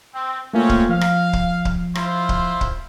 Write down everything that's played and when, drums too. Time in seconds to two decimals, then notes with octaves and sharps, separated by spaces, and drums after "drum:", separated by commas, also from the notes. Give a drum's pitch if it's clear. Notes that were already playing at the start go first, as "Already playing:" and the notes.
0.12 C4
0.54 A3 A#3 C4 C#4 F4
0.69 drum: kick C#1
0.89 F3 F5
1.01 drum: rim click
1.33 drum: kick C#1
1.65 drum: kick C#1
1.95 E4 F4 C5, drum: rim click
2.29 drum: kick C#1
2.61 drum: kick C#1